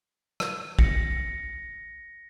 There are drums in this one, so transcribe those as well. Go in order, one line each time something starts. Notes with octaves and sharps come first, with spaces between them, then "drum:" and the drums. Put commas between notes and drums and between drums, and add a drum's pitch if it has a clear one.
drum: rim click
A#6 C#7, drum: kick